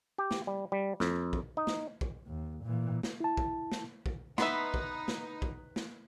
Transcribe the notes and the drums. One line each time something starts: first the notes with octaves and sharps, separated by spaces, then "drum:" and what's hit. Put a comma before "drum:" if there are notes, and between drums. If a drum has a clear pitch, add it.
G4
drum: snare
G3
G3
F2, drum: snare
drum: kick
D#4
drum: snare
drum: kick
D#2
A#2 E3
drum: snare
E4 A5
drum: kick
drum: snare
drum: kick
B3 D#4 B4 E5 C6, drum: snare
drum: kick
drum: snare
drum: kick
drum: snare